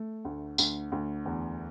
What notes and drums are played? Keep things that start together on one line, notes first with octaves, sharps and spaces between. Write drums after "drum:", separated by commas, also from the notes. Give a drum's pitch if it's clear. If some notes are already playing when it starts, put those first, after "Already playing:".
Already playing: A3
D2
D2, drum: tambourine
D2
E2